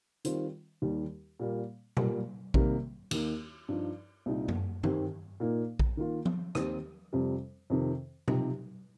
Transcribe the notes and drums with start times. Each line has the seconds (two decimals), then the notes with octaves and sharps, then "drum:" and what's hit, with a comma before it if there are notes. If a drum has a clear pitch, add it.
0.25 D#3 G3 C4 F4, drum: hi-hat
0.82 D#2 D#3 G3
1.40 A#2 G3 A#3
1.97 A#2 G3 A#3, drum: tom B2
2.54 C3 D#3 G3 A#3, drum: kick A#1
3.11 D#2 D#3 A#3 D#4, drum: cymbal
3.68 G2 F3 D#4
4.26 C2 A#2 G3 D#4
4.48 drum: tom F#2
4.83 D#3 C4 G4, drum: tom G2
5.40 A#2 A#3 D#4
5.79 drum: kick A#1
5.97 D#3 A#3 F4
6.25 drum: tom F3
6.55 D#2 D#3 C4 D#4 G4, drum: rim click
7.13 F2 C3 G3
7.70 F2 C3 D#3
8.28 C3 F3 D#4 G4, drum: tom B2